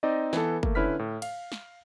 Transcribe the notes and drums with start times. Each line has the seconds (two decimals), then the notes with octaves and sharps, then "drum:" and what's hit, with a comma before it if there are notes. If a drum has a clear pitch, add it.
0.03 C4 D#4 D5 D#5
0.33 E3 B3 A4, drum: snare
0.63 A3 A#3, drum: kick
0.75 D3 C#4 E4 B4 F6 B6
0.99 A2
1.22 F5, drum: cymbal
1.52 drum: snare